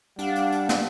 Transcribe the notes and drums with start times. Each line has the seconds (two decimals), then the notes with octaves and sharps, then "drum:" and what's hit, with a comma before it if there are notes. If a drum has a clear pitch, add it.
0.19 G3 D4 F5 F#5, drum: hi-hat
0.35 drum: hi-hat
0.52 drum: hi-hat
0.69 drum: snare